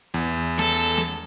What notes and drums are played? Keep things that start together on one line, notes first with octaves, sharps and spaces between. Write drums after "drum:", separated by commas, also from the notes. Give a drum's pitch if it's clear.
E2
A4, drum: snare
drum: snare